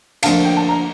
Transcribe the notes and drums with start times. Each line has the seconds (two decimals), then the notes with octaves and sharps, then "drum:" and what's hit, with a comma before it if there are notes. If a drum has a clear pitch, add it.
0.23 D2 D3 F3 A#3 D4 F5 A5, drum: cymbal
0.45 G5
0.57 A5
0.69 A#5